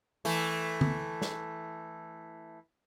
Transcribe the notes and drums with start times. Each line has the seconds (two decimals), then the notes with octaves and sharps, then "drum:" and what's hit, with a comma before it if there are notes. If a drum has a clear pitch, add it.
0.25 E3 A3, drum: open hi-hat
0.81 drum: tom D3
1.22 drum: snare